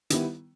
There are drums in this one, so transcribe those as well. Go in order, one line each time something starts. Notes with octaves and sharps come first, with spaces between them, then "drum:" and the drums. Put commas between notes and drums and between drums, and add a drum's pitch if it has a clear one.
D#3 G3 B3 E4, drum: hi-hat